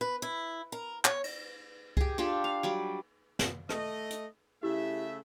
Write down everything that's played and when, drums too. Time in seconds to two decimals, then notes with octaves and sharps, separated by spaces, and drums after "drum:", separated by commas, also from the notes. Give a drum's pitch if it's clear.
0.01 B4
0.22 E4
0.72 A#4
1.05 C#5, drum: clap
1.24 drum: cymbal
1.97 G4 G#4, drum: kick C#2
2.18 D4 F4 G4 A4
2.44 F5
2.63 F#3 G3 D5
3.39 drum: snare
3.69 A3 D#5, drum: rim click
4.11 drum: hi-hat
4.63 C#3 A3 E4 G4 E5